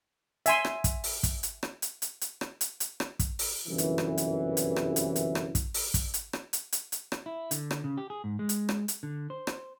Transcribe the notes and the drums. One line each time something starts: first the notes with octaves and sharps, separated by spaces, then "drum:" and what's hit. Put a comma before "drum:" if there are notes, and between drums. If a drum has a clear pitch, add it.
E5 G#5 C6, drum: hi-hat
drum: rim click
drum: kick, hi-hat
drum: open hi-hat
drum: kick, hi-hat
drum: hi-hat
drum: rim click
drum: hi-hat
drum: hi-hat
drum: hi-hat
drum: rim click
drum: hi-hat
drum: hi-hat
drum: rim click
drum: kick, hi-hat
drum: open hi-hat
G1 C2 F#2 E3
drum: hi-hat
drum: rim click
drum: hi-hat
drum: hi-hat
drum: rim click
drum: hi-hat
drum: hi-hat
drum: rim click
drum: kick, hi-hat
drum: open hi-hat
drum: kick, hi-hat
drum: hi-hat
drum: rim click
drum: hi-hat
drum: hi-hat
drum: hi-hat
drum: rim click
E4
D3, drum: hi-hat
drum: rim click
C#3
G4
G#4
G#2
G#3
drum: hi-hat
drum: rim click
drum: hi-hat
D3
C5
drum: rim click